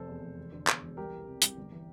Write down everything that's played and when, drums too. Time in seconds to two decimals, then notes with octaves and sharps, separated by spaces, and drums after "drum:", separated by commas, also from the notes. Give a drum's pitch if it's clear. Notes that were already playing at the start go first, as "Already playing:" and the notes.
Already playing: F1 C3 A4 C5
0.08 E2
0.23 F1
0.38 E1
0.53 D3
0.67 E2, drum: clap
0.83 E1
0.97 C2 G4 A#4
1.13 E3
1.27 C3
1.42 C2, drum: hi-hat
1.57 G1
1.72 E3